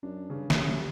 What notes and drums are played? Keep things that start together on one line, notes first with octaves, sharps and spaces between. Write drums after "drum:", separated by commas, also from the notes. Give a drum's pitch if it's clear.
F#2 D4
G2 C#3
G2, drum: snare
F#2 G3